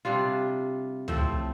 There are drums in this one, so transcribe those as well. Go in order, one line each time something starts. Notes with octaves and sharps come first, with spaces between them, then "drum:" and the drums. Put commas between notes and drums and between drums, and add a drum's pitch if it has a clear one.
C3 G3 D4 F4
A2 F3 A3 C4, drum: tom C#2